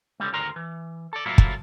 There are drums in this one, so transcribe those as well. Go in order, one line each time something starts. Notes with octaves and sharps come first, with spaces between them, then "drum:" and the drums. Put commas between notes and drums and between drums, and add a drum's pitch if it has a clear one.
C#2 D3 G3 A3
D2 D#3 A#4 A#5 C6
E3
A4 D5
A2 F#3 A#3 E4 F4 A4
drum: kick